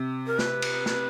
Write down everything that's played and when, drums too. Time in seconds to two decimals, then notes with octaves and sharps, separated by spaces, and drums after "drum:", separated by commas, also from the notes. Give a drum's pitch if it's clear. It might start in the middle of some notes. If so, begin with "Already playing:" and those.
Already playing: C3
0.27 A#4
0.39 B4, drum: snare
0.62 drum: cymbal
0.86 drum: snare